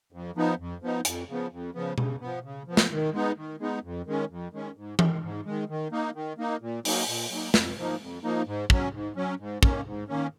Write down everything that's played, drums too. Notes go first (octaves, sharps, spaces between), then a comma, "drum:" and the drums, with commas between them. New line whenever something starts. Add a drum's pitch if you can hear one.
F2
F3 B3 D#4
F2
F3 B3 D#4
F2, drum: hi-hat
C#3 F3 B3
F2
C#3 F3 B3
C#3, drum: tom B2
F3 B3
C#3
F3 B3
drum: snare
D#3
G#3 B3 D#4
D#3
G#3 B3 D#4
F2
D#3 G#3 C#4
F2
D#3 G#3 C#4
G#2
D#3 G#3, drum: tom E3
G#2
D#3 G#3
D#3
A#3 D#4
D#3
A#3 D#4
A#2
F#3 A#3 D#4, drum: open hi-hat
A#2
F#3 A#3 D#4
F2, drum: snare
F3 A#3 D#4
F2
F3 A#3 D#4
G#2
F#3 C#4, drum: kick
G#2
F#3 C#4
G#2
D#3 A#3 C#4, drum: kick
G#2
D#3 A#3 C#4